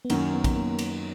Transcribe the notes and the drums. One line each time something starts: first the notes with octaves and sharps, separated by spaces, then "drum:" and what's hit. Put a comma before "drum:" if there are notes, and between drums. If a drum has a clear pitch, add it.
B3
F#2 D#3 F#3 A#3 C#4, drum: cymbal
B3
drum: kick, cymbal
A#3
drum: cymbal